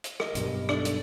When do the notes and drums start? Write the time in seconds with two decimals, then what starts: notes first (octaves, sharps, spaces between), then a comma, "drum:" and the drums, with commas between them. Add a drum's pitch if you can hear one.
0.04 drum: hi-hat
0.20 A#4 D#5, drum: rim click
0.35 B1 G2 G3, drum: hi-hat
0.69 D4 A4 D5, drum: rim click
0.85 drum: hi-hat